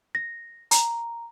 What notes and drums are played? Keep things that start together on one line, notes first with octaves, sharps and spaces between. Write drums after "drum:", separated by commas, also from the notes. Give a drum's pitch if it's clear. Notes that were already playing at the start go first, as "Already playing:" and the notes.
A#6
A#5, drum: hi-hat